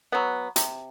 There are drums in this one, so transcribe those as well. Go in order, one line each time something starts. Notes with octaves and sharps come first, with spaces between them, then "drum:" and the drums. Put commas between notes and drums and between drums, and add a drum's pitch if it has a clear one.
F#3 B3
C3, drum: hi-hat